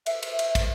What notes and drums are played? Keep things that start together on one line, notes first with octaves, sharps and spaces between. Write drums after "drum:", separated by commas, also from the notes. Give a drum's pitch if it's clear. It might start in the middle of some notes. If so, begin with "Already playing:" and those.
E5, drum: cymbal
drum: cymbal
drum: cymbal
drum: kick, cymbal